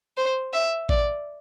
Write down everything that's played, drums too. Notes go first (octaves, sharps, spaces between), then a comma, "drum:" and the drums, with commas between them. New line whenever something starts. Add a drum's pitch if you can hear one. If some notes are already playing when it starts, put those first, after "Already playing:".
C5
E5
D5, drum: kick A1